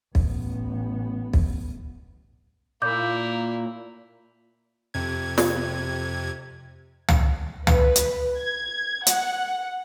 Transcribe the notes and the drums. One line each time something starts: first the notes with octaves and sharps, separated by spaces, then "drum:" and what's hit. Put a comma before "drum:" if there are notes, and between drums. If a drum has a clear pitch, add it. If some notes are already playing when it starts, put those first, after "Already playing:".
A1 B3, drum: kick
drum: kick
A#2 A#3 E4 D6 G6
F2 C3 G#6
drum: snare
drum: tom
B4, drum: tom
drum: hi-hat
G#6
F#5, drum: hi-hat